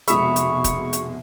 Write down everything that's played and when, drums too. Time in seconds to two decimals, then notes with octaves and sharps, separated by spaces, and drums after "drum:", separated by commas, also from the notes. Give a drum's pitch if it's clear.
0.08 F1 B2 G#3 E5 B5 C#6 D#6, drum: hi-hat
0.36 drum: hi-hat
0.64 drum: kick, hi-hat
0.93 drum: hi-hat